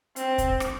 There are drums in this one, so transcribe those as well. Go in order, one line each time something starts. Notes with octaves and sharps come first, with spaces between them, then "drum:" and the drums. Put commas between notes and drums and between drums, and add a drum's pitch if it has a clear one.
C4, drum: hi-hat
drum: kick, hi-hat
drum: rim click